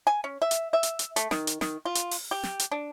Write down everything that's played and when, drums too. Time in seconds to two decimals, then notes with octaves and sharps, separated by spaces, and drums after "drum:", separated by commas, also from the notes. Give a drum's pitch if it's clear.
0.07 G#5
0.24 C#4
0.42 E5
0.51 drum: hi-hat
0.73 E5
0.83 drum: hi-hat
0.99 drum: hi-hat
1.16 A3, drum: hi-hat
1.31 D#3, drum: snare
1.47 drum: hi-hat
1.61 D#3, drum: snare
1.85 F4
1.95 drum: hi-hat
2.11 drum: open hi-hat
2.31 G4
2.43 drum: snare
2.59 drum: hi-hat
2.72 D4